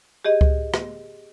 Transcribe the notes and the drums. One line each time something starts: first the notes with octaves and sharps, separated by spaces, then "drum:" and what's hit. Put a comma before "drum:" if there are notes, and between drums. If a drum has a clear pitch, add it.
G4 G#4 D#5
drum: kick C#2
drum: rim click